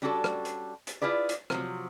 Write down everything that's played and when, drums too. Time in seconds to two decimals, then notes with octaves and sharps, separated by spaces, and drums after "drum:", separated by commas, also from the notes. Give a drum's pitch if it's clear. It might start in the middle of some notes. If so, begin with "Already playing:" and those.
0.02 G3 C#4 D4 F#4 G#4 A4
0.24 drum: rim click
0.45 drum: hi-hat
0.87 drum: hi-hat
1.02 E4 F4 G#4 B4 D5
1.29 drum: hi-hat
1.50 C3 F3 F#3, drum: rim click